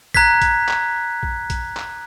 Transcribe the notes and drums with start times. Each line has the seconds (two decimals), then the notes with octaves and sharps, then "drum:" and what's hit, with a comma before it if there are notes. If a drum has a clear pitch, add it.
0.14 A#5 F#6 G#6 B6, drum: kick A#1
0.42 drum: kick A#1, hi-hat
0.69 drum: clap
1.23 drum: kick A#1
1.50 drum: kick A#1, hi-hat
1.77 drum: clap